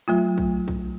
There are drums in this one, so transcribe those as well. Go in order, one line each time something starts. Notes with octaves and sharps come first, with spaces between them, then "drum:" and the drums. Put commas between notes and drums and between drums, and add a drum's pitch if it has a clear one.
F#3 A3 F4
drum: kick B1
drum: kick B1